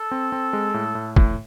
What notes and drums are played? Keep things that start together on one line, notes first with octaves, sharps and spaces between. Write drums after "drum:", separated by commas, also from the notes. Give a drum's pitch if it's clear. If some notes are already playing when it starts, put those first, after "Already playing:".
Already playing: A4
C4
C4
G#3
A2
A2
A2, drum: kick